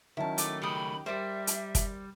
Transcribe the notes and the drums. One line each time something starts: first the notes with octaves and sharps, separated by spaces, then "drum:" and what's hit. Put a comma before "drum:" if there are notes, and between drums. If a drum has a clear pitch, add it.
D#3 F#3 C#4 E4 A5
A3 D6, drum: hi-hat
C#3 A3 G4 G5 B5 D#6
G3 G4 A#4 C5 D5 E5
drum: hi-hat
drum: kick, hi-hat